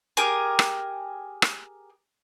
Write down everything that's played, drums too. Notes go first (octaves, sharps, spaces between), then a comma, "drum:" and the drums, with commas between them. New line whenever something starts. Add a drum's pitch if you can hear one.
G4 G#4 A#4 G#5
drum: rim click
drum: rim click